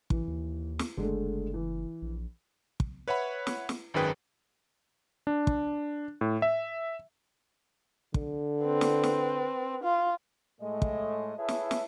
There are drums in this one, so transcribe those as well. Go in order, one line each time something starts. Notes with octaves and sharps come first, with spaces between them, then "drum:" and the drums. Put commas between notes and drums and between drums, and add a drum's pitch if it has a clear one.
A1 E3, drum: kick
D#2
drum: snare
F#1 D3 G#3 A3
E3
A#1
drum: kick
B4 C#5 E5 F#5 B5
drum: snare
drum: snare
G#1 F#2 D#3 G#4 B4 G5
D4
drum: kick
A2
E5
D3, drum: kick
C4 B4
drum: snare
drum: snare
F4
A2 G#3 A3 D#5
drum: kick
E4 G#4 A4 B4 C#5 E5
drum: snare
drum: snare